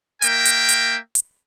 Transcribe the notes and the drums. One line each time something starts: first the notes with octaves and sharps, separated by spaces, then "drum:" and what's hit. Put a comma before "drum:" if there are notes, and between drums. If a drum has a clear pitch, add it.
A#3 A#4 E5 G5, drum: hi-hat
drum: hi-hat
drum: hi-hat
drum: hi-hat